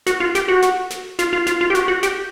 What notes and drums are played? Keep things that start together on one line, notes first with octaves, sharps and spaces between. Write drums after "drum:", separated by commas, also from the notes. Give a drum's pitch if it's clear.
F#4, drum: snare
F4
G4, drum: snare
F#4
drum: snare
drum: snare
F4, drum: snare
F4
F4, drum: snare
F4
G4
F#4, drum: snare
F#4
G4, drum: snare